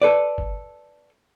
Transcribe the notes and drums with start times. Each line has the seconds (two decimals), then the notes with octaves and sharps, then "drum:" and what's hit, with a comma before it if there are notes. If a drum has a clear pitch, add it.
0.02 A4 B4 D5
0.38 drum: kick G1